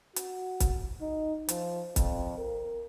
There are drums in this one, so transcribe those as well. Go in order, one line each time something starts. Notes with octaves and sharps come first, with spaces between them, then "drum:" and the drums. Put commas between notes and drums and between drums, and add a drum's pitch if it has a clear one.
F#4, drum: hi-hat
drum: kick, hi-hat
D#4
F3, drum: hi-hat
F2, drum: kick, hi-hat
A#4